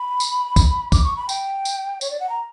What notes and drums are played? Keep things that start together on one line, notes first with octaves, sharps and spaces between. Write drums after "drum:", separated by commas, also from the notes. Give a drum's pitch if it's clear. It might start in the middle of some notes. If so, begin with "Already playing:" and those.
Already playing: B5
drum: tambourine
drum: kick, tambourine
D6, drum: kick, tambourine
C#6
B5
G5, drum: tambourine
drum: tambourine
C#5, drum: tambourine
D5
F#5
A#5